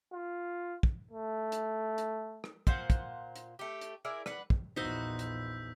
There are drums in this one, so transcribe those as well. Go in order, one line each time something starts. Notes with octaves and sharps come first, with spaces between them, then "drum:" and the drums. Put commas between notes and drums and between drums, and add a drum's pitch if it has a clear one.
F4
drum: kick
A3
drum: hi-hat
drum: hi-hat
drum: rim click
A#2 C5 F5 F#5, drum: kick
drum: kick, hi-hat
drum: hi-hat
A3 G4
drum: hi-hat
E4 G#4 A#4 D5
D4 B4 F#5, drum: rim click
drum: kick
A#1 E2 D#4 F#4 C5 E6 G6 B6
drum: hi-hat